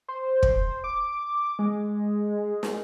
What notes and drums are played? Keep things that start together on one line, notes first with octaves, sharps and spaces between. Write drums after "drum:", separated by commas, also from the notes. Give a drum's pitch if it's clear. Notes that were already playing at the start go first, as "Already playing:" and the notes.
C5
drum: kick
D6
G#3
drum: snare